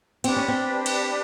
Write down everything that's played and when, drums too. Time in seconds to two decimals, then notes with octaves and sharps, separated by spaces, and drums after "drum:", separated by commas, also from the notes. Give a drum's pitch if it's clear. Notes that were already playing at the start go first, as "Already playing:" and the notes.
0.24 C4 D4 G4 B4, drum: cymbal
0.37 C#4
0.48 C4
0.86 drum: cymbal